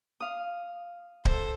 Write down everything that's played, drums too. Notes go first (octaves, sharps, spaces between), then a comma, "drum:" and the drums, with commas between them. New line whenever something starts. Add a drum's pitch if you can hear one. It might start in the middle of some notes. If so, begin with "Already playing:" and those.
F5 D#6
A4 C5, drum: kick D1